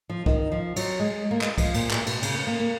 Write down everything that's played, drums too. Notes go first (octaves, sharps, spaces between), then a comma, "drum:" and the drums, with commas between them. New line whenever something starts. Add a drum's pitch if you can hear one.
F3
D#3, drum: kick
F3
F#3, drum: cymbal
G#3
A#3
G#3, drum: clap
F3, drum: kick, cymbal
A#2, drum: cymbal
A#2, drum: clap
B2, drum: cymbal
C#3, drum: cymbal
B3
A#3
A#3